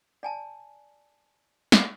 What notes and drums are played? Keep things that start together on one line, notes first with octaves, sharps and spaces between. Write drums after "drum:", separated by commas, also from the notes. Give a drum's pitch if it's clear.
D5 G#5 A5
drum: snare